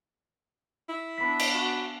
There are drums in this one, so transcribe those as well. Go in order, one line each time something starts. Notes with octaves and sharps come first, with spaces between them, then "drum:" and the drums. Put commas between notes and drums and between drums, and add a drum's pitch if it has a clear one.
E4
B3 D4 B5 B6
drum: cymbal
F#4